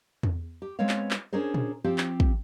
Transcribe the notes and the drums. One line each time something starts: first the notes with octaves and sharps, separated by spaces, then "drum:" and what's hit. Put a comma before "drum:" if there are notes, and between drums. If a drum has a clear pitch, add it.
drum: tom E2
G4
G#3 B3 C4 C#5 F5
drum: clap
drum: clap
C#4 D4 G#4 A#4 C5
drum: tom A#2
F3 C4 G4
drum: clap
drum: kick